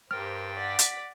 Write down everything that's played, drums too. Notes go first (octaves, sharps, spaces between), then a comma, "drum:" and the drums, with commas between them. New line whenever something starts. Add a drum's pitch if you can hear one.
G2 G4 A#4 C5 G5 F6 A6
D5 F#5 B6
drum: hi-hat